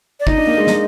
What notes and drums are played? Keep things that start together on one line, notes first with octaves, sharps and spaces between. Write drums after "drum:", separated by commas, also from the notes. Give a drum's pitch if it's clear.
D5
D#4 D#5, drum: kick
D4
A#3
G#3
A#3, drum: snare